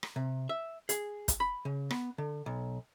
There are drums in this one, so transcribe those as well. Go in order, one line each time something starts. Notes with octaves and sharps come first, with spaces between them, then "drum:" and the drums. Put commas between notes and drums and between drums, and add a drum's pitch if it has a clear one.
drum: rim click
C3
E5
G#4, drum: hi-hat
drum: kick, hi-hat
B5
C#3
B3, drum: rim click
D3
B1